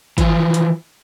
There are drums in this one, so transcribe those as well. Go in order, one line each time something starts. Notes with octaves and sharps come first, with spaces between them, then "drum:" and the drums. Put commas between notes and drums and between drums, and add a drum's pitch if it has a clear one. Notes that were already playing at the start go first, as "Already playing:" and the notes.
E3 F3, drum: kick, hi-hat
drum: hi-hat